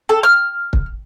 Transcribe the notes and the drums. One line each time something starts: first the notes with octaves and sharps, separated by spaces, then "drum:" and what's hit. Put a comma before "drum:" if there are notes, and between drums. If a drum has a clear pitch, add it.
A4
F6
drum: kick